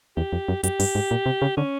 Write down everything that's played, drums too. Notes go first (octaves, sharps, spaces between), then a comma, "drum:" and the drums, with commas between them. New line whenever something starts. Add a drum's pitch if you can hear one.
E2 G4
F2
F#2
F#2 G4, drum: hi-hat
G2, drum: open hi-hat
G#2
A#2
C3
C#3
D3 C#4